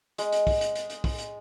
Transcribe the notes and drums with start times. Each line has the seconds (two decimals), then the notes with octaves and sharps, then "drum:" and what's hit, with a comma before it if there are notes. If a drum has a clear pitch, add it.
0.18 G#3, drum: hi-hat
0.32 drum: hi-hat
0.47 drum: kick, open hi-hat
0.61 drum: hi-hat
0.75 drum: hi-hat
0.90 drum: hi-hat
1.04 drum: kick, open hi-hat
1.18 drum: hi-hat